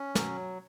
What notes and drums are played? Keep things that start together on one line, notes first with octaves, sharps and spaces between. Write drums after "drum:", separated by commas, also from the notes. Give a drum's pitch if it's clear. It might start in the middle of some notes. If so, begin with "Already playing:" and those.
Already playing: C#4
F#3, drum: snare